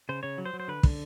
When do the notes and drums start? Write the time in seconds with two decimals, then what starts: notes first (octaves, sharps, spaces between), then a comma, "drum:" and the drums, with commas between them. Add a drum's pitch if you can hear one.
0.09 C#3 C5
0.23 C#3 C#5
0.38 F#3
0.45 C5
0.53 F#3
0.60 C5
0.68 D3 B4
0.83 D3, drum: kick